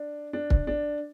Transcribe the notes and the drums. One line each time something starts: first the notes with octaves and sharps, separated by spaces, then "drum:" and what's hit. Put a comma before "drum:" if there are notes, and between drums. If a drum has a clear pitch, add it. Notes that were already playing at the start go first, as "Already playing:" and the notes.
Already playing: D4
D4
drum: kick
D4